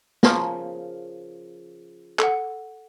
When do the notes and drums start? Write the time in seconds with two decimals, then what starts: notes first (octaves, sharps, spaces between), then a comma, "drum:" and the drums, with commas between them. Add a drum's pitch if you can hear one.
0.23 C#3 F3 A#4, drum: snare
2.19 A4 F#5, drum: clap